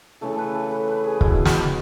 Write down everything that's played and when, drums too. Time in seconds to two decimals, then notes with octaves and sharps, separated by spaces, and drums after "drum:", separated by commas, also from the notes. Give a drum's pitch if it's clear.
0.21 C#3 E3 A3 A4
0.38 B4
0.54 A4
0.71 B4
0.88 B4
1.04 G#4
1.21 B2 G#3 E4, drum: kick
1.45 drum: snare